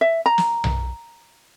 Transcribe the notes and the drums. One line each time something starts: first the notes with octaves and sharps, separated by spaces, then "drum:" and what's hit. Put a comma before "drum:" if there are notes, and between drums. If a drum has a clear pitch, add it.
E5
A#5
drum: snare
drum: tom B1